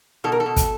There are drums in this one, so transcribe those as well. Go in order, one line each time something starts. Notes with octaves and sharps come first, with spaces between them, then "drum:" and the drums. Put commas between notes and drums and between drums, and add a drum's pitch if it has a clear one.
B2 A4
A#4
A4
B2
drum: kick, hi-hat